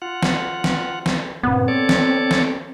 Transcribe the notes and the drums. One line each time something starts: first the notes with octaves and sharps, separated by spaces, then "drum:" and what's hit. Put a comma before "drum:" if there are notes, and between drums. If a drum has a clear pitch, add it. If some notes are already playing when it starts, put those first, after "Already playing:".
F4 F#5
drum: snare
drum: snare
drum: snare
G2 A#2 C#3 B3 C4
A4 C#5 D5
drum: snare
drum: snare